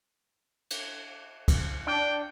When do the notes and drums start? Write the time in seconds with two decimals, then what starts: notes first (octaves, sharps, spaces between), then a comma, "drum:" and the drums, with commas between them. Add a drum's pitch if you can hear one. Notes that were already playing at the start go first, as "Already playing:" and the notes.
0.70 drum: cymbal
1.48 drum: kick, cymbal
1.87 D4 G5